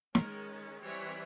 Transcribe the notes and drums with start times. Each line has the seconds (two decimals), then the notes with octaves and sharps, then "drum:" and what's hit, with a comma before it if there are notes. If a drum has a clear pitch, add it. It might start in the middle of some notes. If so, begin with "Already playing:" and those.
0.15 D#3 G#3 C#4 A#4, drum: snare
0.81 E3 G3 C4 C#5